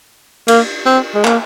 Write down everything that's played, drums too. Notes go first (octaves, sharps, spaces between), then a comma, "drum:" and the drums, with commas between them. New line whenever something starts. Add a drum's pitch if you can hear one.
A#3, drum: cymbal
C4
G#3
A#3, drum: clap